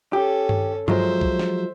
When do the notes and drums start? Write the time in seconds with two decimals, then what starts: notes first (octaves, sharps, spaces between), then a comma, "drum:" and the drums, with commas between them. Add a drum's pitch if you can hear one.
0.13 C#4 G4 A4
0.49 drum: tom G2
0.88 F3 F#3 G#3 C5 E5, drum: tom G2
1.21 drum: kick
1.39 drum: snare